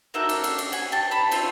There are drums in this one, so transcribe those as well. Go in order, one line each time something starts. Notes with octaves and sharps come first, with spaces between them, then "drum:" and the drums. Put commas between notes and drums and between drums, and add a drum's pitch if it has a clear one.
A#3 D#4 F#4 A4 E5 F#5
drum: cymbal
drum: cymbal
drum: cymbal
F#5 G#5, drum: cymbal
G5 A5
A5 B5
A3 C4 F4, drum: cymbal